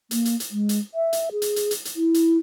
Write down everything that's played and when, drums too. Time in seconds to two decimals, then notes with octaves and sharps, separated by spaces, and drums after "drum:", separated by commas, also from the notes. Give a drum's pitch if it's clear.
0.11 A#3, drum: hi-hat
0.25 drum: hi-hat
0.40 drum: hi-hat
0.51 G#3
0.69 drum: hi-hat
0.94 E5
1.13 drum: hi-hat
1.32 G#4
1.42 drum: hi-hat
1.56 drum: hi-hat
1.71 drum: hi-hat
1.85 drum: hi-hat
1.96 E4
2.14 drum: hi-hat